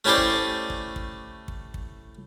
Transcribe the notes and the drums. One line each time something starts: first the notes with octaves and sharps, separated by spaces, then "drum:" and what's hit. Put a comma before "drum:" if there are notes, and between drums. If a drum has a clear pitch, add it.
A3 C#4 E4 G4 C5 D5
drum: kick
drum: kick
drum: kick
drum: kick
drum: kick